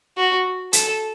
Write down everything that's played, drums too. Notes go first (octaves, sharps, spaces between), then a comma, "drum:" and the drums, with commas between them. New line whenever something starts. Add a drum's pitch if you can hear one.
F#4
A4, drum: hi-hat